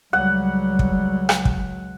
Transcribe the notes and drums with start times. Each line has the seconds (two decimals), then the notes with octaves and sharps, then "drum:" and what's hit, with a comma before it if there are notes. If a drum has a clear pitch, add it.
0.13 C#2 F#3 G3 F#5
0.79 drum: kick
1.29 drum: rim click
1.45 drum: kick